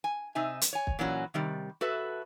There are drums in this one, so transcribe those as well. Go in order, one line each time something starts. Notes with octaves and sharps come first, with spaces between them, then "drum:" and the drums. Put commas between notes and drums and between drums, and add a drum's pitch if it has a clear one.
G#5
C3 D#4 E5 G#5
drum: hi-hat
C#5 G#5
drum: kick
A#2 E3 F#3 C#4 F#4
C3 D#3 G3
F#4 A4 B4 E5